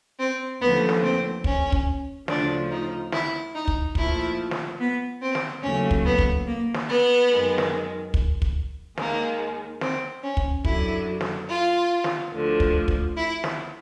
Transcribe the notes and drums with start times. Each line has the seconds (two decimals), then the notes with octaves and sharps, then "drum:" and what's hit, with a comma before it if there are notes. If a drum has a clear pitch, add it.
0.19 C4
0.61 D#2 D3 F3 A3 B3
0.89 drum: snare
1.03 C4
1.44 C#4, drum: kick
1.72 drum: kick
2.28 D2 C#3 F3 D4, drum: snare
2.70 D#4
3.12 E4, drum: snare
3.54 D#4
3.68 drum: kick
3.95 A#2 F3 A3 E4, drum: kick
4.51 drum: snare
4.79 B3
5.21 C4
5.35 drum: snare
5.63 D#2 C#3 F#3 A3 C#4
5.91 drum: kick
6.05 B3
6.19 drum: kick
6.47 A#3
6.74 drum: snare
6.88 B3
7.30 F#2 D#3 G#3
7.58 drum: snare
8.14 drum: kick
8.42 drum: kick
8.97 D#2 D#3 G#3 A#3, drum: snare
9.81 C4, drum: snare
10.23 C#4
10.37 drum: kick
10.65 F#2 D3 F#3 E4, drum: kick
11.21 drum: snare
11.48 F4
12.04 drum: snare
12.33 D2 D3 F3
12.60 drum: kick
12.88 drum: kick
13.16 E4
13.44 drum: snare